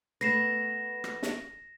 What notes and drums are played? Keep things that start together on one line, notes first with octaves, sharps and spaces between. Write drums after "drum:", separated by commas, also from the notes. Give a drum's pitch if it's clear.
A3 B3 B4 A#6 C7 E7
drum: rim click
drum: snare